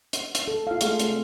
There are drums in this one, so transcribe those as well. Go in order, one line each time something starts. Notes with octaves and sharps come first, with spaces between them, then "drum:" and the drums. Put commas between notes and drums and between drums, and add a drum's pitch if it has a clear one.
drum: hi-hat
drum: hi-hat
A4
F4 F5
G#3 A3 G#4 A4 F5, drum: hi-hat
C4, drum: hi-hat